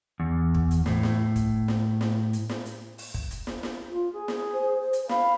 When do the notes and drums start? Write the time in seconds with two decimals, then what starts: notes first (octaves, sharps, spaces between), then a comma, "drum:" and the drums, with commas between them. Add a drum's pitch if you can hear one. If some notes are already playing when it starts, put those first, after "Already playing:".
0.20 E2
0.55 drum: kick
0.71 drum: hi-hat
0.86 A2, drum: snare
1.03 drum: snare
1.36 drum: kick, hi-hat
1.68 drum: snare
2.01 drum: snare
2.33 drum: hi-hat
2.49 drum: snare
2.66 drum: hi-hat
2.98 drum: open hi-hat
3.14 drum: kick
3.31 drum: hi-hat
3.47 drum: snare
3.63 drum: snare
3.90 F4
4.13 G#4
4.28 drum: snare
4.53 C5
4.81 C5
4.93 drum: hi-hat
5.09 F5 B5, drum: snare